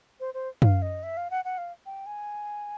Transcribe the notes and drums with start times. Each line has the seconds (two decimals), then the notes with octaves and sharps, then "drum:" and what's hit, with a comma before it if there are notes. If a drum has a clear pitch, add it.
0.20 C5
0.34 C5
0.62 F5, drum: tom F#2
0.82 D#5
1.03 E5
1.17 F5
1.31 F#5
1.45 F#5
1.58 F5
1.86 G5
2.06 G#5